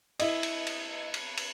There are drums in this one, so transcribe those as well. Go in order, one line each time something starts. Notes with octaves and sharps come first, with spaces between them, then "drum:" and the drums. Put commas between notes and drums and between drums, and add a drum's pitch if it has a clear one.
E4 D#5, drum: cymbal
drum: cymbal
drum: cymbal
drum: cymbal
drum: cymbal